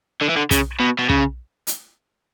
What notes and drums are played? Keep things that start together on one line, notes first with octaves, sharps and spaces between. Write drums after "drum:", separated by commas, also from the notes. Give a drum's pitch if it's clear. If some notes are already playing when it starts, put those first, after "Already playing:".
D3
E3
D3
C#3, drum: kick, hi-hat
B2
B2
C#3, drum: kick
drum: hi-hat